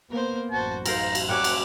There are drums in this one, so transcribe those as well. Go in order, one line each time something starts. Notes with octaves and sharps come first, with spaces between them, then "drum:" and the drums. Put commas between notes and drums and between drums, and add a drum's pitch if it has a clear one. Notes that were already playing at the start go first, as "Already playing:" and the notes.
A#3 B3 A#4 C5
A1 F#2 F#4 C5 A5
D#4 A4 A#4 C5 F5 A#5, drum: cymbal
drum: cymbal
G3 A#3 C#4 F#5 D6
drum: cymbal